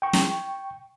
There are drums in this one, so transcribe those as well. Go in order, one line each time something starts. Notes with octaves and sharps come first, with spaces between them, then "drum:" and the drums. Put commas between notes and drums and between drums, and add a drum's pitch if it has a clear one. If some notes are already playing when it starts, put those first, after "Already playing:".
G5 C#6
drum: snare